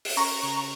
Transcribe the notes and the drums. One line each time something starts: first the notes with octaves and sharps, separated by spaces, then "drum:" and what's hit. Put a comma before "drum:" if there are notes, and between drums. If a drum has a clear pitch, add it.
drum: open hi-hat
C#4 A#5 C#6
C#3